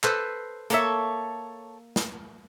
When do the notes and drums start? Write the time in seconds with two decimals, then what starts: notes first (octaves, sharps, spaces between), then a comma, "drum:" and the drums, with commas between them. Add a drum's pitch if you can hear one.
0.04 A4 B4 C5, drum: clap
0.70 A#3 A4 C#5 E5, drum: hi-hat
1.96 drum: snare